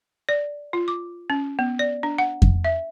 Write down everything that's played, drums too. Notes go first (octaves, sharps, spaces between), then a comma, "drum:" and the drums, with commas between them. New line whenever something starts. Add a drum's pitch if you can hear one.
D5
F4
D6
C#4
B3
D5
D4
F#5
drum: kick F2
E5